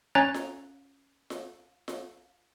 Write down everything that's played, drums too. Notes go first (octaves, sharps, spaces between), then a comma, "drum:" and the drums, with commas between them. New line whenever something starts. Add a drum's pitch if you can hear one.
C#4 C#5 G#5 A#5 F#6 A6
drum: snare F4
drum: snare F4
drum: snare F4